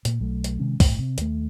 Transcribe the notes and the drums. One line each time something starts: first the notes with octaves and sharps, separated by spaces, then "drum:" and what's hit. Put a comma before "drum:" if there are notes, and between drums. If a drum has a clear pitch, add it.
A#2 A#3, drum: hi-hat
B1 F#3 A3
drum: hi-hat
C3 D#3 G#3 C#4
G1 A2, drum: kick, open hi-hat
C3
D#2 A3, drum: hi-hat